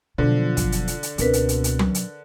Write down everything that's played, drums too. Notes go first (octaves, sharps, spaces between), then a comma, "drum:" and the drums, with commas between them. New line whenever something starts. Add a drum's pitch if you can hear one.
B2 D3 F3 F#3
drum: kick, hi-hat
drum: hi-hat
drum: hi-hat
drum: hi-hat
C#2 B2 C4 D4 A#4 B4, drum: hi-hat
drum: hi-hat
drum: hi-hat
drum: hi-hat
drum: tom F#3
drum: hi-hat